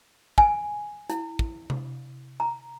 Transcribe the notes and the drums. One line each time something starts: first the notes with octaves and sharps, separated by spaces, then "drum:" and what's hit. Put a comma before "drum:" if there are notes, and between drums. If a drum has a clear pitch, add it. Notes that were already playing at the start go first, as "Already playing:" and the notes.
G#5, drum: kick
E4, drum: hi-hat
drum: kick
drum: tom C3
A#5